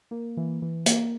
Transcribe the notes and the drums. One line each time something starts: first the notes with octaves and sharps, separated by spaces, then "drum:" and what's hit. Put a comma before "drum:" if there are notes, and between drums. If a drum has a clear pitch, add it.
A#3
E3
E3
A#3, drum: hi-hat